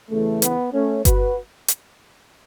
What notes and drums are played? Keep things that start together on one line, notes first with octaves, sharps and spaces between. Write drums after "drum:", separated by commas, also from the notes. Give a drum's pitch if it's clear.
E2 C#3 E3 A3
B3, drum: hi-hat
A3 C#4
F#4 B4, drum: kick G1, hi-hat
drum: hi-hat